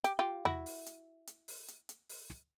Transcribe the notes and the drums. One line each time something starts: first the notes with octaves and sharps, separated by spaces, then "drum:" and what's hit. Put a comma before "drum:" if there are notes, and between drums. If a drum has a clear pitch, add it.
G4, drum: hi-hat
F4 G4
E4 F#4, drum: tom E2
drum: open hi-hat
drum: hi-hat
drum: hi-hat
drum: open hi-hat
drum: hi-hat
drum: hi-hat
drum: open hi-hat
drum: snare